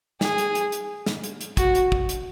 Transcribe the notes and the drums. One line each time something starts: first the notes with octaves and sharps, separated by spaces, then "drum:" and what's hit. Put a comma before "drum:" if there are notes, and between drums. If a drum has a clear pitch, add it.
G#4, drum: snare
drum: hi-hat
drum: hi-hat
drum: hi-hat
drum: snare
drum: hi-hat
drum: hi-hat
F#4, drum: kick, hi-hat
drum: hi-hat
drum: kick
drum: hi-hat